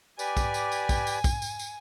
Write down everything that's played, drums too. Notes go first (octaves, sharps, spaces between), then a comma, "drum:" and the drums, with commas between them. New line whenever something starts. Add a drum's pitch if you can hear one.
G4 B4 D5 G#5, drum: tambourine
drum: kick, tambourine
drum: tambourine
drum: tambourine
drum: kick, tambourine
drum: tambourine
drum: kick, tambourine
drum: tambourine
drum: tambourine